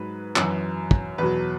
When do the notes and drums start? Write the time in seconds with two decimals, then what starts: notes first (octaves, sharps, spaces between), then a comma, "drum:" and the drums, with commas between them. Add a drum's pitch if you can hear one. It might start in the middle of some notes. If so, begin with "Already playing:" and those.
Already playing: G#2 F#3 B4
0.36 F#2 E3, drum: clap
0.91 drum: kick
1.18 E2 B2 F#3 B4